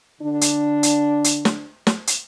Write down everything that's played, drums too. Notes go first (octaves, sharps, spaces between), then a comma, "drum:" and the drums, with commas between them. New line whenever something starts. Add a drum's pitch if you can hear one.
D3 D4
drum: hi-hat
drum: hi-hat
drum: hi-hat
drum: snare
drum: snare
drum: hi-hat